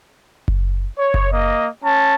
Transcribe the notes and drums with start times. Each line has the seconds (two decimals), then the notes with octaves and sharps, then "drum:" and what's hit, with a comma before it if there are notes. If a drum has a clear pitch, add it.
0.48 drum: kick F#1
0.97 C#5
1.14 drum: kick F#1
1.32 A#3 D#5
1.84 C#4 A5